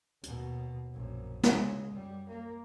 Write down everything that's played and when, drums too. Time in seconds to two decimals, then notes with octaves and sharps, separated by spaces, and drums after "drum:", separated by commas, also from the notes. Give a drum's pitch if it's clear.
0.23 D#2 B2, drum: hi-hat
0.94 A#1 F#2
1.43 C#3 G#3, drum: snare
1.91 F#2 G3
2.29 A#3